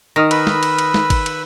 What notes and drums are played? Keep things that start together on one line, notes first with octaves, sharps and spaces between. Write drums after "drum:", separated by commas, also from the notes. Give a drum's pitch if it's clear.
D#3 D#6 F6 A#6
B4 B5 E6, drum: cymbal
drum: snare
drum: cymbal
drum: cymbal
drum: snare
drum: kick G#1, cymbal
drum: cymbal